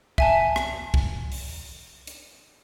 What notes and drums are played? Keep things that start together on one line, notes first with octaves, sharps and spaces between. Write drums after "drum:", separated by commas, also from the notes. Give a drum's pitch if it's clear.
E5 G#5 A5, drum: kick C2
drum: rim click
drum: kick C2
drum: open hi-hat
drum: hi-hat